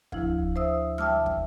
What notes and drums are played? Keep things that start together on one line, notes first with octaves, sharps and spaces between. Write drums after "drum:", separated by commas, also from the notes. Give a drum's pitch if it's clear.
D2 F3 E4, drum: kick
C5 E5 D#6 E6
E5 G5 A5 D6 E6 F6, drum: tom F#3
drum: kick